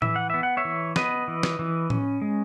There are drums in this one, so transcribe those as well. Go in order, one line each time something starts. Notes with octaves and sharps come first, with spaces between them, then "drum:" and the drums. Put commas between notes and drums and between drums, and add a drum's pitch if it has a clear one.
E3 E5, drum: tom A2
F#5
B3 E5
F#5
C#5 E5
E3
B3 B4 D#5, drum: snare
E3
drum: snare
E3
C#4, drum: tom A2
G#3